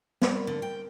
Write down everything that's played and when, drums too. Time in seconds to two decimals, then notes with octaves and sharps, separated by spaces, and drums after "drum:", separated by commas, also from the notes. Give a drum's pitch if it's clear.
0.22 G3 A#4, drum: snare
0.47 D3
0.62 G5